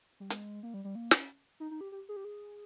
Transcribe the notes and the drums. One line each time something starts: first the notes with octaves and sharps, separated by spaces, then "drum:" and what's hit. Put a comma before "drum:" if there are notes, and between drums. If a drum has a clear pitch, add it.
G3
G#3, drum: hi-hat
A#3
G3
G3
A#3
C#4, drum: snare
D#4
D#4
G4
G4
G#4
G4
G#4